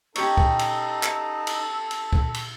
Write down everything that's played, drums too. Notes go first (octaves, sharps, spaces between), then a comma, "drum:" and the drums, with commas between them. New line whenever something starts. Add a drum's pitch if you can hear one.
C#4 D#4 G4 A4 C#5 E6, drum: cymbal
drum: kick
drum: cymbal
drum: clap
drum: cymbal
drum: cymbal
drum: kick
drum: cymbal